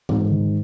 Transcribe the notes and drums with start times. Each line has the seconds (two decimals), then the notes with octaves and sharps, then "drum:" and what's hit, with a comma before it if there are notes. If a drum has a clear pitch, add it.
0.09 G#2, drum: tom E3
0.30 D#3